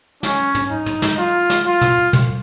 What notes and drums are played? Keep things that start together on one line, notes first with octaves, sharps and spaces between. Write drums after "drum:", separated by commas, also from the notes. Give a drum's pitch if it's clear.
C#4, drum: snare
drum: tom
D#4
drum: tom
drum: snare
F4
drum: snare
F4
drum: tom
drum: tom